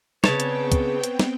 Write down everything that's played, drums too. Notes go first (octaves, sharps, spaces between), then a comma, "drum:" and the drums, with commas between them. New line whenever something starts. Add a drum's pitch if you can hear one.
C#3 B3 C4 D4 B4 C#5 G5 A5, drum: snare
drum: hi-hat
drum: kick, hi-hat
drum: hi-hat
drum: snare